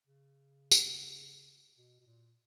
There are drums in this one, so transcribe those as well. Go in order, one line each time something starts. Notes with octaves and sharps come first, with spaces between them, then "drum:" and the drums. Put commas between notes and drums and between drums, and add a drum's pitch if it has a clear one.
C#3
drum: tambourine
B2
B2
A#2